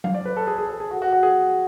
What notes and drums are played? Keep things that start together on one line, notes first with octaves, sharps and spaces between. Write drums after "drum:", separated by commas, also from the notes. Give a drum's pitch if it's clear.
F5, drum: tom F#3
D5
B4
A4
G#4
G#4
A4
G#4
F#4
F#4
F#4
G#4